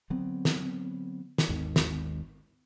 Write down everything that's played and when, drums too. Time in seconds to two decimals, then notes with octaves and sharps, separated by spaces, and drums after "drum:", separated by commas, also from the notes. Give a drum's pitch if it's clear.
0.10 D3 F#3 B3 C4
0.45 drum: snare
1.38 drum: snare
1.49 G#1 D#2 G#2 D#3
1.76 drum: snare